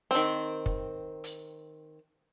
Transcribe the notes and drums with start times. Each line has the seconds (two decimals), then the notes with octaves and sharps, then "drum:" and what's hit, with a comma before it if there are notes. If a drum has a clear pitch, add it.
0.11 D#3 C4, drum: hi-hat
0.66 drum: kick
1.24 drum: hi-hat